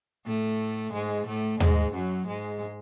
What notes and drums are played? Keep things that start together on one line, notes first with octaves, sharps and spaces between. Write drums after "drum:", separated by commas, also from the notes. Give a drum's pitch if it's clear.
A2 A3
G#2 G#3
A2 A3
G#2 G#3, drum: tom D#2
F#2 F#3
G#2 G#3